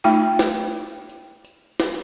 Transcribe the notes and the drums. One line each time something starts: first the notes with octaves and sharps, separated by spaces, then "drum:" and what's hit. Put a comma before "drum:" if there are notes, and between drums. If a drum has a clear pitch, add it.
A3 D#4 F4 E5 G5, drum: tambourine
drum: snare
drum: tambourine
drum: tambourine
drum: tambourine
drum: snare